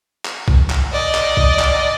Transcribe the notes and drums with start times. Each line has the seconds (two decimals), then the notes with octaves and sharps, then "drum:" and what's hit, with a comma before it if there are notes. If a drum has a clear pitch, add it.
0.25 drum: clap
0.48 drum: kick B1
0.70 drum: clap
0.92 D5 D#5
1.15 drum: clap
1.37 drum: kick B1
1.59 drum: clap